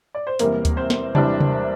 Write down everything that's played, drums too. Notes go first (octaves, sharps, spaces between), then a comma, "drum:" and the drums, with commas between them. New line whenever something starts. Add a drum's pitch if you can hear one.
D5
C5
E1 E2 C3 E3 G3 A#3 A#4, drum: hi-hat
drum: kick D2, hi-hat
C4 C5
drum: snare
E1 E2 C3 E3 G3 D4 D5, drum: tom C3
drum: tom C3